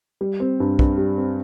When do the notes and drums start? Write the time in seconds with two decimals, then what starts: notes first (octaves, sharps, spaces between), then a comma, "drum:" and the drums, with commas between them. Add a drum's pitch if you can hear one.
0.21 G3
0.40 C4
0.60 G2
0.79 G2, drum: kick
0.98 G3
1.17 C4